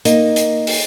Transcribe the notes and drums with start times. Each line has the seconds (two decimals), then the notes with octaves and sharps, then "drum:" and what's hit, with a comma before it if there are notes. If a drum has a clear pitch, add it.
0.05 A#3 D#4, drum: hi-hat
0.36 drum: hi-hat
0.67 drum: open hi-hat